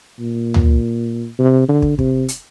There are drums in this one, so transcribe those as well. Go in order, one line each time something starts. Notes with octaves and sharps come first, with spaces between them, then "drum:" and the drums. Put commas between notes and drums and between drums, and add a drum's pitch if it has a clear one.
A#2
drum: tom
C3
D3
drum: kick
C3, drum: kick
drum: hi-hat